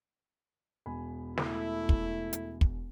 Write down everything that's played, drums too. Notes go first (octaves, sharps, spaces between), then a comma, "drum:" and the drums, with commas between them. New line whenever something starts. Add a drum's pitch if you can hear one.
E1 G#5 B5
A3 E4, drum: snare
drum: kick
drum: hi-hat
drum: kick